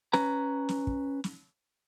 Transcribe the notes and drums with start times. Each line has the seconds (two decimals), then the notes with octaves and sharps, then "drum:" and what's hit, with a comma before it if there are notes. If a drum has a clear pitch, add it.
0.13 C#4 B4 A#5, drum: snare
0.69 drum: snare
0.87 drum: kick
1.24 drum: snare